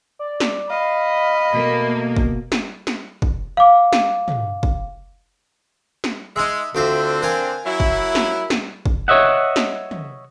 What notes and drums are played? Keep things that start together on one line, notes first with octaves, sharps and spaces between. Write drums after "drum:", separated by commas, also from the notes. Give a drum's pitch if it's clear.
D5
drum: snare
D#5 F5 B5
B2 A3 A#3
drum: kick
drum: snare
drum: snare
drum: kick
F5 D6
drum: snare
drum: tom
drum: kick
drum: snare
G#3 D#4 E5
D2 D3 C4 D4 F4 E5
A#4 F5 G#5
F#3 E4
drum: kick
drum: snare
drum: snare
drum: kick
C#5 D#5 E5 F#5
drum: snare
drum: tom